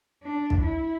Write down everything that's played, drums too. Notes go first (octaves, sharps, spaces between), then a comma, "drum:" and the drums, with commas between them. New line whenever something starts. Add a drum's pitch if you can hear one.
D4
drum: kick
E4